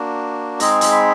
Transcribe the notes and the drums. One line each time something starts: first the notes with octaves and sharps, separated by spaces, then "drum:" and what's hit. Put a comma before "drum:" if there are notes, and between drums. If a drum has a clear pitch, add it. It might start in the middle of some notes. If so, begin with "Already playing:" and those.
Already playing: A#3 D4 F#4
G#3 C4 D#4 G#4 A#5, drum: hi-hat
drum: hi-hat
B5